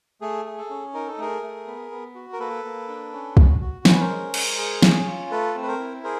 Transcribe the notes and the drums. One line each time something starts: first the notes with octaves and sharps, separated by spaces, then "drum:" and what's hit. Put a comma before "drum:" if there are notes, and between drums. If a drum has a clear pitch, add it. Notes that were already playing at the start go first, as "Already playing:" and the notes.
A3 G#4
G#4
A4
C#4
D#4 A#4
A4
A3 G#4 A#4
A3
B3
B3
F#4
A#4
A#3 A4 B4
A#3
D4
C#4
F#4, drum: kick
F#4
C#4 C5, drum: snare
B4
A#4 C5
G#3
G#3, drum: cymbal
G#4
C#4, drum: snare
F4
A3 A4 B4
C4
B4
A#4 C5
E4
G#4 A#4 C5